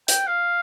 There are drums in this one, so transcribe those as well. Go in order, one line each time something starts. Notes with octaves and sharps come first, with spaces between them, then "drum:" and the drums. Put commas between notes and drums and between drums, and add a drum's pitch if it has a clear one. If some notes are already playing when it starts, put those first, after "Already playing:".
G5, drum: hi-hat
F5